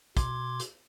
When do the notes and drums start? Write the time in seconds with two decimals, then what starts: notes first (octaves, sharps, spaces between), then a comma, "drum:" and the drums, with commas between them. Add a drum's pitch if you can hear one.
0.17 B2 C6 D6 G#6, drum: kick, hi-hat
0.60 drum: hi-hat